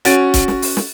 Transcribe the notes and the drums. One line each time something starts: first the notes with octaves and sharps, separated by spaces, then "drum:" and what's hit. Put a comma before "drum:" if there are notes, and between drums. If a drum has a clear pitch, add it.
C#4 F#4 A6 D7, drum: hi-hat
drum: kick, hi-hat
drum: snare
drum: open hi-hat
drum: snare